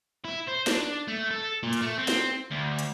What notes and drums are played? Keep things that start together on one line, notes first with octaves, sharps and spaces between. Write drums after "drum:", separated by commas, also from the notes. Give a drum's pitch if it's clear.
E4
C5
D4, drum: snare
A3
A4
A#2
drum: hi-hat
A3
C4
drum: snare
D2
drum: hi-hat